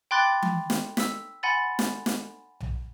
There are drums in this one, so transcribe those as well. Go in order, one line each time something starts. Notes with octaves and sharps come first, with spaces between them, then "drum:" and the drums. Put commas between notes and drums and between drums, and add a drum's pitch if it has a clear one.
G5 B5 C6 D6 F#6 A6
drum: tom E3
drum: snare
E6 B6, drum: snare
F#5 G#5 B5 C6 A6
drum: snare
drum: snare
drum: tom B1